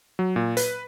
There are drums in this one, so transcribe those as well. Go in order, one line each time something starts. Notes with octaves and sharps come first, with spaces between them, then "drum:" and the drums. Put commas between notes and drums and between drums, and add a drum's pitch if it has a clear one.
F#3
A#2
B4, drum: hi-hat